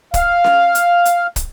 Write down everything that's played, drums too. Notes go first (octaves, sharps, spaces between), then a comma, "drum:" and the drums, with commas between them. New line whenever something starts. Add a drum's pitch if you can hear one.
F5, drum: kick, hi-hat
drum: snare C#4
drum: hi-hat
drum: hi-hat
drum: kick, hi-hat